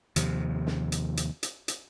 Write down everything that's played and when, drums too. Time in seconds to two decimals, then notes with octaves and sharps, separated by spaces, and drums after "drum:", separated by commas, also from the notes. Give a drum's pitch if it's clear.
0.16 D#2 C3 F3, drum: hi-hat
0.67 drum: snare
0.92 drum: hi-hat
1.17 drum: hi-hat
1.43 drum: hi-hat
1.68 drum: hi-hat